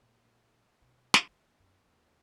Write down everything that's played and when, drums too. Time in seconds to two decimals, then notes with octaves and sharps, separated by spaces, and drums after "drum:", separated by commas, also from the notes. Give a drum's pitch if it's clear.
0.01 A#2
0.82 B2
1.14 drum: snare
1.29 D#3 B3
1.60 F#2
1.86 D#2